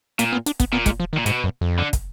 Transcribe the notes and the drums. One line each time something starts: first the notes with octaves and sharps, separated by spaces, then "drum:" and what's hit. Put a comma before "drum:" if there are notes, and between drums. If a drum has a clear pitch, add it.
A#2 A#3, drum: hi-hat
B3
D4, drum: hi-hat
B3, drum: kick, hi-hat
A#2 B3
G#3, drum: kick, hi-hat
F3
D#3
A#2
G#2 B2, drum: hi-hat
F#2
F2
D3
drum: kick, hi-hat